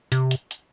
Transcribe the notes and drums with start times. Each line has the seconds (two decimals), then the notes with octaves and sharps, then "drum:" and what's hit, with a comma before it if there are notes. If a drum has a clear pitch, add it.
0.12 C3, drum: hi-hat
0.31 drum: hi-hat
0.51 drum: hi-hat